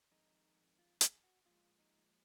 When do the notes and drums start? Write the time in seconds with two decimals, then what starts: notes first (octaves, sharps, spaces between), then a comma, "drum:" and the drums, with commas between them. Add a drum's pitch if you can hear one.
0.11 F2 D#3 G#3 D#4
0.79 F4
1.01 G#4, drum: hi-hat
1.23 F#4
1.45 A#2 F3 G#3 F4
1.79 D#4